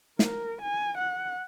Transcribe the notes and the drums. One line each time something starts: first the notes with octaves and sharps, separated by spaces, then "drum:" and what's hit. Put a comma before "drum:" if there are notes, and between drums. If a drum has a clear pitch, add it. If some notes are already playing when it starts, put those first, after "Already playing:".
A#4, drum: snare
G#5
F#5